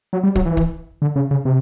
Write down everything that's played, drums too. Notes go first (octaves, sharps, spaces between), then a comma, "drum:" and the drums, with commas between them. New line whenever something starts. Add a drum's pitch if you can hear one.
F#3
G3
F#3, drum: kick
E3
drum: kick
D3
C#3
C#3
C3